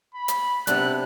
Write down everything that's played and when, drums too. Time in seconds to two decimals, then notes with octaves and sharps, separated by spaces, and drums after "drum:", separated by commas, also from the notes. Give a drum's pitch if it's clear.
0.14 B5
0.28 drum: hi-hat
0.67 C3 B3 D4 F#6, drum: hi-hat